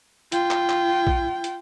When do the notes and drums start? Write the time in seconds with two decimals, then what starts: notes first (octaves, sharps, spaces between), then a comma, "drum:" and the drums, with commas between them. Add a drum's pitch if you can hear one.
0.32 F4 G5, drum: hi-hat
0.51 drum: clap
0.69 drum: clap
1.07 drum: kick A#1
1.44 drum: hi-hat